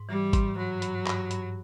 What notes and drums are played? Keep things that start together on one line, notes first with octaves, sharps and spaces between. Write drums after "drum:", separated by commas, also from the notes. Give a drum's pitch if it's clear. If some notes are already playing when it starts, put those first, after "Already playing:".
Already playing: G#2
E3 G3
G#2, drum: kick G#1, hi-hat
G2 F#3
G2, drum: hi-hat
G2, drum: clap
G2, drum: hi-hat